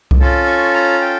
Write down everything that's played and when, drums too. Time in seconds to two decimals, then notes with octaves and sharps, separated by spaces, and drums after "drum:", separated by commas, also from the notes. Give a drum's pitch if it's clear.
0.11 drum: kick C2
0.20 C#4 F4 A4
0.47 C#6
0.74 A#5
1.01 G5